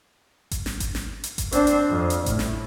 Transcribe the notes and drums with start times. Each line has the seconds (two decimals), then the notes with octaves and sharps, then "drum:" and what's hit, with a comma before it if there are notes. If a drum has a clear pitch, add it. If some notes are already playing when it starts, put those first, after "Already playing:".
0.51 drum: kick G#1, hi-hat
0.66 drum: snare
0.80 drum: kick G#1, hi-hat
0.95 drum: snare
1.24 drum: hi-hat
1.38 drum: kick G#1, hi-hat
1.52 C4 D4, drum: hi-hat
1.67 drum: hi-hat
1.90 F2
2.10 drum: hi-hat
2.26 A2, drum: kick G#1, hi-hat
2.39 drum: snare